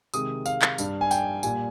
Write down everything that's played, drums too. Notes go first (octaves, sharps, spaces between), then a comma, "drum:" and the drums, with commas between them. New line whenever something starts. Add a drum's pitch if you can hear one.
C3 D#3 G#3 D#6, drum: tambourine
F5, drum: tambourine
drum: clap
G2 G3, drum: tambourine
G#5
G5, drum: tambourine
A#2 G3 G#5, drum: tambourine